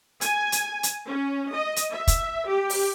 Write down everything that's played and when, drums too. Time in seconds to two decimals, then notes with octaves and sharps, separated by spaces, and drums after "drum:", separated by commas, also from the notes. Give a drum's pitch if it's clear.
0.21 G#5, drum: hi-hat
0.52 drum: hi-hat
0.83 drum: hi-hat
1.08 C#4
1.53 D#5
1.76 drum: hi-hat
1.92 E5
2.07 drum: kick, hi-hat
2.48 G4
2.70 drum: open hi-hat